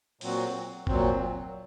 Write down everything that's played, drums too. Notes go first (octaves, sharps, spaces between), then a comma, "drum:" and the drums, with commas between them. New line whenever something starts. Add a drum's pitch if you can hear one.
A#2 F#3 C4 F#4, drum: open hi-hat
A#2 F#3 C4, drum: kick F#1